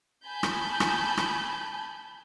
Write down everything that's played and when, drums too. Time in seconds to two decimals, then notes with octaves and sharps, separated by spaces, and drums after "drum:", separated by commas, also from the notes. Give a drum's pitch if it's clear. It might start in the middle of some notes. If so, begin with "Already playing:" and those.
0.24 G#5 A5 B5 G6
0.43 drum: rim click
0.80 drum: rim click
1.17 drum: rim click